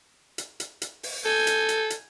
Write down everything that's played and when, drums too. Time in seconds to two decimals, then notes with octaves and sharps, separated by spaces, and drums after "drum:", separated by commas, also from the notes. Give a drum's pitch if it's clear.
0.38 drum: hi-hat
0.60 drum: hi-hat
0.82 drum: hi-hat
1.03 drum: open hi-hat
1.25 A4 G#5 G6
1.47 drum: hi-hat
1.69 drum: hi-hat
1.90 drum: hi-hat